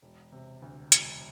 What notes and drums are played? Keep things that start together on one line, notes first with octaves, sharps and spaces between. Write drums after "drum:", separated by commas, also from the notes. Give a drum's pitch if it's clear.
E1
C3
D2
E1, drum: hi-hat